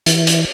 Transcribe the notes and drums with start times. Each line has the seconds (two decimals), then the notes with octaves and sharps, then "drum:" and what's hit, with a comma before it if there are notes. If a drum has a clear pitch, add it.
0.06 E3, drum: hi-hat
0.27 drum: hi-hat